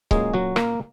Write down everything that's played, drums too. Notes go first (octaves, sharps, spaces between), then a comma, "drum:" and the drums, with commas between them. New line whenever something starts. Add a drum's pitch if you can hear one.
A#2 F#3 G#3 A#3 C#4 G#4, drum: kick C#1
F#3 F#4
A#3 A#4, drum: rim click